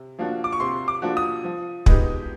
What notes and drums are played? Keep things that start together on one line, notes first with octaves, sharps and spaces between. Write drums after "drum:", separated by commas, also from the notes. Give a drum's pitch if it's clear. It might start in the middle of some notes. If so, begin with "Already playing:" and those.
Already playing: C3
F3 A#3 D4 F#4
D6
C#6
C3 C6
D6
F3 A#3 D4 F#4
D#6
F3
G#3 B3 D#4 G4, drum: kick